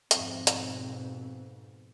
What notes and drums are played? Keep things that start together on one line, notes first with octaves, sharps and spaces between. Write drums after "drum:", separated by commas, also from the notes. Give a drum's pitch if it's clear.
F2 G#2 B2 C4, drum: hi-hat
drum: hi-hat